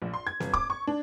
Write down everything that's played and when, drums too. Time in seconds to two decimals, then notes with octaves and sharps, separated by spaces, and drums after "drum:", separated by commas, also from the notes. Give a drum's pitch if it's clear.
0.02 A#1
0.14 C6
0.27 G#6
0.40 G1, drum: snare C4
0.54 D6, drum: kick
0.70 C#6
0.87 D4